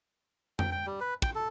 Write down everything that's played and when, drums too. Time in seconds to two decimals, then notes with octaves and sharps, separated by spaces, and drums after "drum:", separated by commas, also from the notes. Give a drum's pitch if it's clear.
0.59 G5, drum: tom F2
0.72 G5
0.86 G3
1.01 B4
1.22 G5, drum: kick
1.35 A4